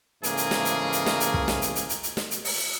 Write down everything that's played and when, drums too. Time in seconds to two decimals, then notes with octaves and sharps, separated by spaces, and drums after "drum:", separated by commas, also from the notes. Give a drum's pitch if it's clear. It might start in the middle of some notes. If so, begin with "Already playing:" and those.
0.23 G#2 C#3 E3 A3 A#3 G#4, drum: hi-hat
0.37 drum: hi-hat
0.51 drum: snare
0.65 drum: hi-hat
0.93 drum: hi-hat
1.06 drum: snare
1.20 drum: hi-hat
1.34 drum: kick
1.48 drum: snare
1.62 drum: hi-hat
1.75 drum: hi-hat
1.89 drum: hi-hat
2.03 drum: hi-hat
2.17 drum: snare
2.31 drum: hi-hat
2.45 drum: open hi-hat